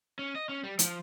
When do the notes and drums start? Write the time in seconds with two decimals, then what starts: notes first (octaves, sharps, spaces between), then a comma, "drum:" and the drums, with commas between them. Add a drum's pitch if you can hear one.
0.19 C#4
0.35 D#5
0.49 C#4
0.64 G3
0.79 F3, drum: hi-hat